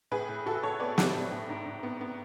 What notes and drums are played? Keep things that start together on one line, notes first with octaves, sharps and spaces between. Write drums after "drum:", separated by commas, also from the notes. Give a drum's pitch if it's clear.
A2 G#4 B4
A2
A2 F#4 A4
A2 A4 C#5
B3 B4 D5
B3, drum: snare
A2
A2
G#2
G#2
B3
B3